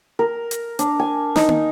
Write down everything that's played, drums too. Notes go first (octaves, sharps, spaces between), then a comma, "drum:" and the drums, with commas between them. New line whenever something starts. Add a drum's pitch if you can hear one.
A#4
drum: hi-hat
D4, drum: hi-hat
G#5
D#4, drum: snare
drum: tom A#3